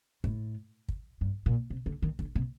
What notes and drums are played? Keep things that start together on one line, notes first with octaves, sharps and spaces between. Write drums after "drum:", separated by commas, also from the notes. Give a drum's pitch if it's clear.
A2, drum: kick
drum: kick
G2
A#2
C3
D3
D#3
D3, drum: kick
C3